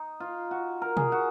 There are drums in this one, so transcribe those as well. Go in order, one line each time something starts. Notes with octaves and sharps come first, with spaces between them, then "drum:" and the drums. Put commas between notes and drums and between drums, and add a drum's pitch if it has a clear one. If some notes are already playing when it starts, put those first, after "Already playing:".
Already playing: D#4
F4
F#4
A#4
G#4, drum: tom B2
F#4